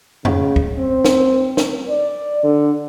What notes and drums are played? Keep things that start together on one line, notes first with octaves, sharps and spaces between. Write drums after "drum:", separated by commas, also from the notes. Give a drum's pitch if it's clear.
C#3, drum: tom F2
drum: kick
C4
drum: snare
drum: snare
D5
D3